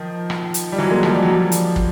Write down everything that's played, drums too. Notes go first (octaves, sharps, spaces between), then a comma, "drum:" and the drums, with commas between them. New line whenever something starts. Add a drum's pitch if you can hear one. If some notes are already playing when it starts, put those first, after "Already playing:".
Already playing: D#3 F3
drum: rim click
drum: hi-hat
G3
E3 F#3
G#3 A#3
F3 G3, drum: rim click
G3
F#3
F3 G3
drum: hi-hat
drum: kick